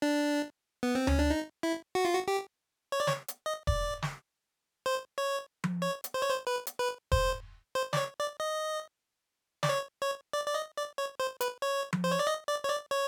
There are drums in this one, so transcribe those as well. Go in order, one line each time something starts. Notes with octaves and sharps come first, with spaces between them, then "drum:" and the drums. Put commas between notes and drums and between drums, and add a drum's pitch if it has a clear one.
D4
B3
C4
C#4, drum: tom D2
D4
D#4
E4
F#4
F4
F#4
G4
C#5
D5
C#5, drum: snare
drum: hi-hat
D#5
D5, drum: kick E1
drum: snare
C5
C#5
drum: tom F3
C#5
drum: hi-hat
C5
C#5
C5
B4
drum: hi-hat
B4
C5, drum: kick E1
C5
D5, drum: snare
C#5
D5
D#5
D5, drum: snare
C#5
C#5
D5
D5
D#5
D5
C#5
C5
B4, drum: hi-hat
C#5
drum: tom F3
C5
C#5
D5
D#5
D5
C#5
D5
C#5